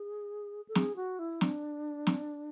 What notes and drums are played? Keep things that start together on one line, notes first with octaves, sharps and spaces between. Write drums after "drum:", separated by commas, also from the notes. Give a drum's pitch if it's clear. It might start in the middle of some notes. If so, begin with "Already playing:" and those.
Already playing: G#4
A4
G#4, drum: snare
F#4
E4
D4, drum: snare
drum: snare